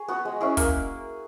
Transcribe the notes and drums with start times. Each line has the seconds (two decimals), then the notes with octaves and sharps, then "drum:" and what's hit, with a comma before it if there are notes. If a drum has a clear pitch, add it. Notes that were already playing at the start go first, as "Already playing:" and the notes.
Already playing: G#4 C#5
0.08 B3 F#4
0.25 G#3
0.41 C#4 E4 G#4
0.57 A#3, drum: kick, hi-hat